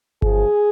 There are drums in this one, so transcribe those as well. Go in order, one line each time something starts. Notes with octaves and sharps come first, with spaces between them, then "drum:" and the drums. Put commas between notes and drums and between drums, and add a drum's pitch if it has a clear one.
F#2 F3 G#4, drum: kick G1